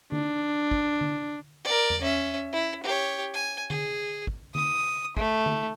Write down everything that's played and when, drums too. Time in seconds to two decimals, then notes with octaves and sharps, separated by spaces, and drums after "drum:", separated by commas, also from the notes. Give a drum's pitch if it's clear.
0.12 D4, drum: tom D3
0.71 drum: kick
1.01 drum: tom D3
1.64 A#4 D5
1.90 drum: tom E2
2.01 C#4 E5
2.53 E4
2.83 G4 C#5
3.34 G#5
3.70 G#4, drum: tom D3
4.27 drum: kick
4.55 D#6, drum: tom D3
5.17 A3, drum: kick
5.46 drum: tom D3